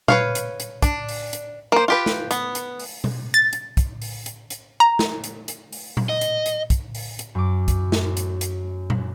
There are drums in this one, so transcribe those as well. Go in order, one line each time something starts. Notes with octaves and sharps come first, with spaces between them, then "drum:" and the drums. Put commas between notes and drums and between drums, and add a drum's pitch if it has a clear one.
B4 C#5 F5, drum: tom A#2
drum: hi-hat
drum: hi-hat
D4, drum: kick, hi-hat
drum: open hi-hat
drum: hi-hat
A#3 C5
F4 G4 B4
drum: snare
B3, drum: hi-hat
drum: hi-hat
drum: open hi-hat
drum: tom B2
A6
drum: hi-hat
drum: kick, hi-hat
drum: open hi-hat
drum: hi-hat
drum: hi-hat
A#5
drum: snare
drum: hi-hat
drum: hi-hat
drum: open hi-hat
drum: tom A#2
D#5
drum: hi-hat
drum: hi-hat
drum: kick, hi-hat
drum: open hi-hat
drum: hi-hat
F#2 D6
drum: kick, hi-hat
drum: snare
drum: hi-hat
drum: hi-hat
drum: tom A#2